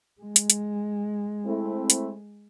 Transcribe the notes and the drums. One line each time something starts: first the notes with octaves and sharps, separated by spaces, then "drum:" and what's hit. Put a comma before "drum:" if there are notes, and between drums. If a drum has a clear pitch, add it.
G#3
drum: hi-hat
drum: hi-hat
A3 C4 E4
drum: hi-hat